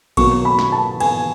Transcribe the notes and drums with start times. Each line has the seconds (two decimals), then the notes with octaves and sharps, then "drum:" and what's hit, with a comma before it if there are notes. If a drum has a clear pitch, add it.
0.17 B2 F#3 A#3 C#6, drum: kick A#1, cymbal
0.45 B5
0.59 drum: snare
0.72 A5
1.00 G#5, drum: cymbal